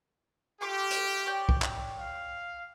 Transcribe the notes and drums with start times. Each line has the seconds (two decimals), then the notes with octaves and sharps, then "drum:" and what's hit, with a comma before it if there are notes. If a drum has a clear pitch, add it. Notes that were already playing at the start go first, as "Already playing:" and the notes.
0.61 A3 F4 G4 D6
0.91 drum: hi-hat
1.26 C#5 D5 G5
1.49 drum: kick
1.62 drum: clap
1.99 F5